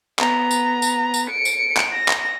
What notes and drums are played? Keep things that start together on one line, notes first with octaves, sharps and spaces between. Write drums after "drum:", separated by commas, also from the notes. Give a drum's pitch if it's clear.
B3 A#5, drum: clap
drum: tambourine
drum: tambourine
drum: tambourine
C#7 D7
drum: tambourine
drum: clap
A#6
drum: clap